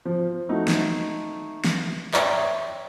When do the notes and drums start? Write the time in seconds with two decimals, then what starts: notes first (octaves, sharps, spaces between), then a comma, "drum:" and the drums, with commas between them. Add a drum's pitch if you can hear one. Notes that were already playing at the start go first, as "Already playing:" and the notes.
0.05 F3
0.49 A3 D#4 F#4
0.68 drum: snare
1.64 drum: snare
2.14 C#5 D5 E5 G5 A#5, drum: clap